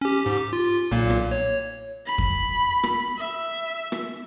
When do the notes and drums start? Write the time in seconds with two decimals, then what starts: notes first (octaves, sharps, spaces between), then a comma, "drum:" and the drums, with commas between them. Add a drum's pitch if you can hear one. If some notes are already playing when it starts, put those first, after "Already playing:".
0.01 C#4 G4
0.24 G#2 G4
0.38 D6
0.53 F4
0.91 B1 A#2 A#3
1.10 drum: rim click
1.31 C#5
2.06 B5
2.18 drum: kick F2
2.83 drum: rim click
3.18 E5
3.92 drum: rim click